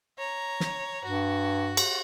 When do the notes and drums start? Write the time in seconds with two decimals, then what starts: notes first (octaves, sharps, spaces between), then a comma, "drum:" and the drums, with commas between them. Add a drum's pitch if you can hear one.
0.19 C#5 A#5
0.60 drum: snare
1.04 G2 F#4
1.77 drum: cymbal